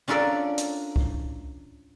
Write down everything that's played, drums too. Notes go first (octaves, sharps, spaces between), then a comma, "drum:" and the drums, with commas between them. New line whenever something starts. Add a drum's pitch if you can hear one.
C#4 D4 F4 A4 A#4 D5
drum: hi-hat
drum: kick C2